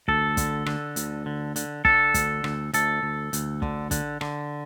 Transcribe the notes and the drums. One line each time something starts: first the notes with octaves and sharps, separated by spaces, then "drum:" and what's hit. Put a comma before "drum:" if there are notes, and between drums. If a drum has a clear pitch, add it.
D2 A4, drum: kick
D3, drum: kick, hi-hat
D3, drum: rim click
D2, drum: hi-hat
D3
D3, drum: hi-hat
D3 A4, drum: kick
D2, drum: kick, hi-hat
D2, drum: rim click
D2 A4, drum: hi-hat
D2
D2, drum: hi-hat
D3, drum: kick
D3, drum: kick, hi-hat
D3, drum: rim click